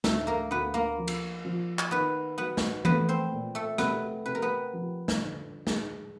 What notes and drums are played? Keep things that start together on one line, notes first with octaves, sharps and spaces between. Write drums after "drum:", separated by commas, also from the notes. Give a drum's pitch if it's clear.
D2 A3 A4, drum: snare
A#3 A#4
D2 B3 B4
A#3 A#4
F3
drum: cymbal
F3
drum: clap
D#3 B3 B4
F#3 B3 B4
drum: snare
A3 B3 B4, drum: tom E3
C4 C5
A#2
A3 A4
C3 B3 B4, drum: rim click
C3 B4
A#4
B3 B4
F3
drum: snare
D3
G#3, drum: snare